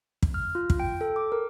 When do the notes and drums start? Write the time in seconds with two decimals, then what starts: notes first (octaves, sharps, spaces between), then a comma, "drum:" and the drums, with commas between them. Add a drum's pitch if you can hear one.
0.23 drum: kick
0.34 F6
0.55 F4
0.70 drum: kick
0.80 G5
1.01 A4
1.16 D6
1.32 A#4